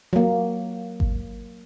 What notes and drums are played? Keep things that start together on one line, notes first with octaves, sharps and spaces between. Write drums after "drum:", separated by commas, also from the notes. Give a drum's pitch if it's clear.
F#3 A#3
drum: kick G#1